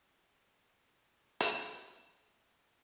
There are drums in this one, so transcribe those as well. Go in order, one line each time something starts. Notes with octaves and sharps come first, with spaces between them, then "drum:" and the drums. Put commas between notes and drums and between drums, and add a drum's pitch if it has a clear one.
A2 D#3 C#4 F#5 G#6
drum: hi-hat